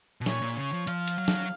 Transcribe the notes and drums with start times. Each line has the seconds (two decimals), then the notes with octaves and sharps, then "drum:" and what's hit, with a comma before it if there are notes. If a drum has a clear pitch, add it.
0.21 B2
0.26 A#2 C#5, drum: snare
0.42 A#2
0.56 C#3 C#5
0.72 F3
0.87 F3 F5, drum: hi-hat
1.08 drum: hi-hat
1.18 F#3
1.28 drum: snare